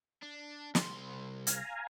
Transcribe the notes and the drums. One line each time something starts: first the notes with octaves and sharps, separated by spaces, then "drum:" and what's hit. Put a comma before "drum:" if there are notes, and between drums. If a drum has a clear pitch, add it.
D4
C2 C6, drum: snare
F5 G#5 A#5, drum: hi-hat